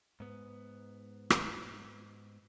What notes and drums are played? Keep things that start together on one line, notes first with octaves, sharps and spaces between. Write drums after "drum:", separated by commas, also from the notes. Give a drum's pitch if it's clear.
G#2 B3
drum: rim click